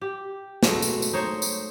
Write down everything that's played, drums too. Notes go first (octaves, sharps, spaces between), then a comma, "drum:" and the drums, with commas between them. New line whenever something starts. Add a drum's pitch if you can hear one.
G4
B2 F#3 G#3 A3, drum: snare
drum: tambourine
drum: tambourine
D#4 C5 C#5
drum: tambourine